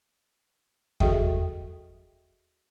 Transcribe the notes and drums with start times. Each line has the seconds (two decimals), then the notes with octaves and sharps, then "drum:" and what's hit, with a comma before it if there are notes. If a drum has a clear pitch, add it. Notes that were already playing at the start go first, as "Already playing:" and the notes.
1.00 F#4 G#4 A4 D#5 E5 G5, drum: kick E2